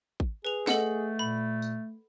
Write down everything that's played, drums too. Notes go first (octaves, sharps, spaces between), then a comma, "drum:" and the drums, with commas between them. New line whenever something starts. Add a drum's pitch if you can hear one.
drum: kick
G#4 B4 F7
A3 A4 D#5 F#5, drum: snare
A#2 B5
drum: tambourine